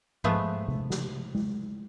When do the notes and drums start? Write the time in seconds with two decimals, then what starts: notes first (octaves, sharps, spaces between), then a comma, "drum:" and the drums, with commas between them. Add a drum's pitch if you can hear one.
0.24 F3 G#3 A3 B3, drum: tom G#2
0.68 drum: tom C3
0.90 drum: snare
1.35 drum: tom G#3